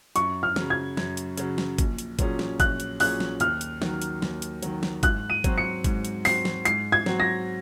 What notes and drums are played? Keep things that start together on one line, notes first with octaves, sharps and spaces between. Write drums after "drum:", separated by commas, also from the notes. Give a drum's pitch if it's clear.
F#2 C#6, drum: hi-hat
F6
C#3 F#3, drum: snare
G#6
F#2, drum: snare
drum: hi-hat
C#3 F#3, drum: hi-hat
drum: snare
A#1, drum: kick G1, hi-hat
drum: hi-hat
A#2 F#3 C#4 G#4, drum: kick G1, hi-hat
drum: snare
A#1 F#6, drum: kick G1, hi-hat
drum: hi-hat
A#2 F#3 C#4 G#4 F#6, drum: open hi-hat
drum: snare
D#2 F6, drum: hi-hat
drum: hi-hat
D#3 F#3, drum: snare
drum: hi-hat
D#2, drum: snare
drum: hi-hat
D#3 F#3, drum: hi-hat
drum: snare
G#2 F#6, drum: kick G1, hi-hat
D#7
F#3 C4 F#4, drum: kick G1, hi-hat
C#7
G#2, drum: kick G1, hi-hat
drum: hi-hat
F#3 C4 F#4 C7, drum: open hi-hat
drum: snare
G#2 C7, drum: hi-hat
G#6
F#3 C4 F#4, drum: snare
A#6